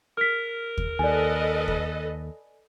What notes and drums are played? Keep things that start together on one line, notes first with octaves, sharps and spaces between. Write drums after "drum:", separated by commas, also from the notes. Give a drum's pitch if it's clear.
A#4 F6 B6
drum: kick
D#2 A4 B4 D5 D#5 G#5
drum: kick